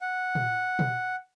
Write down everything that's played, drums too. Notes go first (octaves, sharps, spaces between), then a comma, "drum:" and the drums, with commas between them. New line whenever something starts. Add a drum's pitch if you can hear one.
F#5
drum: tom
drum: tom